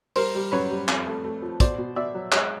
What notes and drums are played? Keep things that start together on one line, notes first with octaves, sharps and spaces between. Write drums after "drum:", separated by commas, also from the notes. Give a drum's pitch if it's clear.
G3 A#4 C5, drum: open hi-hat
G3
F#2 B4 C#5
G3
F2, drum: clap
A3
A3
F3
B2 C5 D5, drum: kick, hi-hat
B2
B2 D5 E5
F#3
G#3 C#5 D#5, drum: clap